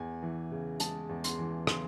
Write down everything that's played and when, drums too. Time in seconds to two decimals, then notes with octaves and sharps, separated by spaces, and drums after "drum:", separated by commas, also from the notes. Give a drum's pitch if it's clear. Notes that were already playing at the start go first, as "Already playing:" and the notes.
Already playing: E2 G#5
0.22 E3
0.51 C#3
0.80 G#3 A5, drum: hi-hat
1.09 E2
1.24 C6, drum: hi-hat
1.39 E3
1.67 C#3 C6, drum: rim click